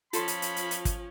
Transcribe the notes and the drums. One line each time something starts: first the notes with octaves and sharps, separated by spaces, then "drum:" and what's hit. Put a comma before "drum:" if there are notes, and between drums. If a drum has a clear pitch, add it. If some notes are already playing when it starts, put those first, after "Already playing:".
F3 C#4 F4 A4 B5 C6, drum: hi-hat
drum: hi-hat
drum: hi-hat
drum: hi-hat
drum: hi-hat
drum: kick, hi-hat